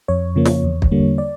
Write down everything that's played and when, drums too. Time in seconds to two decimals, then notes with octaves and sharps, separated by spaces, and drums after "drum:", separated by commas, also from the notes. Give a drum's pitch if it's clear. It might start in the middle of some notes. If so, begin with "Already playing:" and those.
0.08 F2 C#5
0.36 C#3 F3 A#3
0.45 drum: snare
0.64 E2
0.82 drum: kick
0.91 D3 G3 A#3
1.18 D5